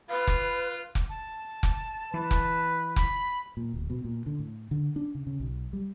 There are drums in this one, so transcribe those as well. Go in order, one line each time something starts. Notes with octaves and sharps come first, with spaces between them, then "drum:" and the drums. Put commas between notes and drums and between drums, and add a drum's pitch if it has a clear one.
F4 B4 B5
drum: kick F1
drum: kick F1
A5
drum: kick F1
E3 B4
drum: kick F1
B5, drum: kick F1
A#2
D1
B2
A#2
D3
A2
D3
D4
C#3
C#3
B1
G3